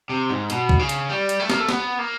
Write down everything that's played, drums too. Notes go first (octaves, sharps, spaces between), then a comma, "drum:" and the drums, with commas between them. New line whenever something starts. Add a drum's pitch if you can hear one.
C3
G#2
B2, drum: hi-hat
drum: kick
C#3
drum: hi-hat
G3
drum: hi-hat
A3
A#3, drum: snare
A3
B3, drum: snare
A#3